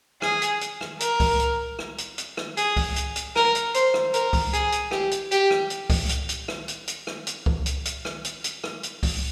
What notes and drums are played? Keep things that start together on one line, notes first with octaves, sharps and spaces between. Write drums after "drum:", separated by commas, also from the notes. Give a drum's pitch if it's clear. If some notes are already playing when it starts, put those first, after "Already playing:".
G#4, drum: rim click
drum: hi-hat
drum: hi-hat
drum: rim click
A#4, drum: hi-hat
drum: kick C#2, open hi-hat
drum: hi-hat
drum: rim click
drum: hi-hat
drum: hi-hat
drum: rim click
G#4, drum: hi-hat
drum: kick C#2, open hi-hat
drum: hi-hat
drum: hi-hat
A#4, drum: rim click
drum: hi-hat
C5, drum: hi-hat
drum: rim click
A#4, drum: hi-hat
drum: kick C#2, open hi-hat
G#4, drum: hi-hat
drum: hi-hat
G4, drum: rim click
drum: hi-hat
G4, drum: hi-hat
drum: rim click
drum: hi-hat
drum: kick C#2, open hi-hat
drum: hi-hat
drum: hi-hat
drum: rim click
drum: hi-hat
drum: hi-hat
drum: rim click
drum: hi-hat
drum: kick C#2
drum: hi-hat
drum: hi-hat
drum: rim click
drum: hi-hat
drum: hi-hat
drum: rim click
drum: hi-hat
drum: kick C#2, open hi-hat